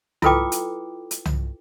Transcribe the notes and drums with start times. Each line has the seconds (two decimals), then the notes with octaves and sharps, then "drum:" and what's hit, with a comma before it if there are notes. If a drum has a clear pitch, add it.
0.22 E4 F4 A4 B4 G5 D6, drum: tom C2
0.52 drum: hi-hat
1.11 drum: hi-hat
1.25 drum: tom C2